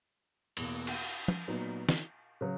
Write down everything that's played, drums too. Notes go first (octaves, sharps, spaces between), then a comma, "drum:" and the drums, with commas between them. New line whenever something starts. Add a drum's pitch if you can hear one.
E2 B2 A#3, drum: cymbal
drum: cymbal
drum: tom
A#2 F#3 B3 D#4 F#4
drum: snare
C#3 F#3